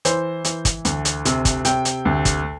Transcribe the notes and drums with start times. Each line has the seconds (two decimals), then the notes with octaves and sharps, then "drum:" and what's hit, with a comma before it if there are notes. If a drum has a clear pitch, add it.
0.05 E3 C5, drum: hi-hat
0.45 E3, drum: hi-hat
0.65 drum: kick, hi-hat
0.85 D2, drum: hi-hat
1.05 drum: hi-hat
1.25 C3, drum: hi-hat
1.45 drum: kick, hi-hat
1.65 C3 G5, drum: hi-hat
1.85 drum: hi-hat
2.05 D2
2.25 drum: kick, hi-hat